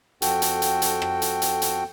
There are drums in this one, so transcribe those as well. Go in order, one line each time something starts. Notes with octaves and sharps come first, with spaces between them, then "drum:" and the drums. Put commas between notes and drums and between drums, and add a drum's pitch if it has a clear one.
F2 F#4 A4 G5, drum: hi-hat
drum: hi-hat
drum: hi-hat
drum: hi-hat
drum: rim click
drum: hi-hat
drum: hi-hat
drum: hi-hat